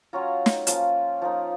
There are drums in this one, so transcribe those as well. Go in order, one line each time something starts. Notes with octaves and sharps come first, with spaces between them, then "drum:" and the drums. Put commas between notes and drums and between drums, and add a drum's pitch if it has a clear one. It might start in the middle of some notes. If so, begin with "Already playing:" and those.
F#3 C#4 F4 A#5 C#6
drum: snare
F3 A#3 C#4 F4, drum: hi-hat
F3 A#3 D#4